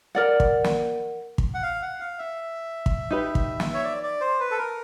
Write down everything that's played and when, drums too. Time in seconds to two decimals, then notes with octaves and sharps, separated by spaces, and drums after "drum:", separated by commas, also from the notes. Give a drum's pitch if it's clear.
0.15 A#4 D5 F#5
0.40 drum: kick
0.64 drum: snare
1.38 drum: kick
1.54 F#5
1.63 F5
1.82 F#5
2.00 F5
2.19 E5
2.86 drum: kick
3.11 D#4 G4 B4
3.35 drum: kick
3.60 drum: snare
3.74 C#5
3.84 D5
4.03 D5
4.21 C5
4.40 B4
4.51 A4
4.58 A#4